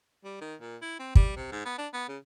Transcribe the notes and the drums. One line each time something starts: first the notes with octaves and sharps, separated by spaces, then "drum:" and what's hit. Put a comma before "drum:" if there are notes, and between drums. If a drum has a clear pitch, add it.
G3
D#3
A#2
E4
C4
G3, drum: kick
C3
G#2
B3
D4
B3
C#3